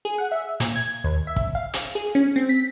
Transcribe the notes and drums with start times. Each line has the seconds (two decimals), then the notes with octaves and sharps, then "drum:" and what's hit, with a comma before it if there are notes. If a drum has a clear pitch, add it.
0.05 G#4
0.18 F#5
0.32 E5
0.60 A#2, drum: hi-hat
0.76 G#6
1.04 D#2
1.27 E5
1.36 drum: kick
1.55 F5
1.73 drum: hi-hat
1.95 G#4
2.15 C#4
2.36 C4
2.49 B6